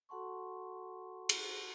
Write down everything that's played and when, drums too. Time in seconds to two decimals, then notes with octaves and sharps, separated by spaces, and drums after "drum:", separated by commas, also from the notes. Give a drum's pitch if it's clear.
0.09 F#4 A4 F#5 A5 C6 C#6
1.29 drum: cymbal